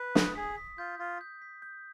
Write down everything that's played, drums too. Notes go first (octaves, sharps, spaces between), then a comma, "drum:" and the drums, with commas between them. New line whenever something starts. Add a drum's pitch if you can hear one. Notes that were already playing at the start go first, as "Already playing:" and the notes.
Already playing: B4
D#6, drum: snare
G#4 B6
B6
F4 G6
F4 G6
G6
B6
G6